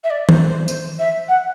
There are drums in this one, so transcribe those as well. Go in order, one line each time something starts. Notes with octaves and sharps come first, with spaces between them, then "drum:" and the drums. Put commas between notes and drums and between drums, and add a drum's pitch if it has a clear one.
E5
D5
C5, drum: tom
C5
C5, drum: tambourine
E5
F#5